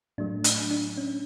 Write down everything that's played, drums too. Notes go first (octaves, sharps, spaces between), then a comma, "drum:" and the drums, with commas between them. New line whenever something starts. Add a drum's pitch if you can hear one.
A2 F#3 A3 D4
D4, drum: hi-hat
D4
C#4